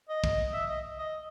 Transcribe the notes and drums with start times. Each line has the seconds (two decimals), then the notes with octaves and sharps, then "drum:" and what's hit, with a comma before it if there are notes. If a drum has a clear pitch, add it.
0.09 D#5
0.24 drum: kick
0.53 E5
0.69 D#5
0.99 D#5